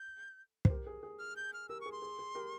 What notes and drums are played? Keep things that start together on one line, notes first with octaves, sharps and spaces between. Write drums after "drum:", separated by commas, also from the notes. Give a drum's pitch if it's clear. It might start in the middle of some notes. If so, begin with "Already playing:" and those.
Already playing: G6
C5, drum: kick
G4 A#4
G#4
G#4
F6
G6
F6
G4 A#4 E6
G#4 C#6
C6
G#4
G#4
G4 A#4